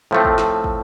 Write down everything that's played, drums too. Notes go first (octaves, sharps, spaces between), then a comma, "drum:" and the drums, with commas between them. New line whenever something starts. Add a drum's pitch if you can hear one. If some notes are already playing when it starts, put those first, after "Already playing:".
A2 F3 A3 C4
drum: kick
drum: snare
drum: kick